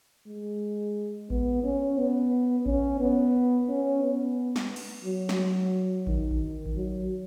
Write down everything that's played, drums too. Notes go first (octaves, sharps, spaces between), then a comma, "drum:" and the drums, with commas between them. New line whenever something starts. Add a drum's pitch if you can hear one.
G#3
B3, drum: kick A1
C#4
B3
C#4, drum: kick A1
B3
C#4
B3
drum: snare
drum: cymbal
F#3
drum: snare
D#3, drum: kick A1
drum: kick A1
drum: kick A1
F#3